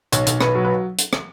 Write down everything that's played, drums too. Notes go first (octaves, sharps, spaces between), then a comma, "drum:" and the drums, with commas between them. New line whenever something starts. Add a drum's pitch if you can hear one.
B1 C#5, drum: hi-hat
B1, drum: hi-hat
B1 B4, drum: rim click
F#3
B4
drum: hi-hat
drum: rim click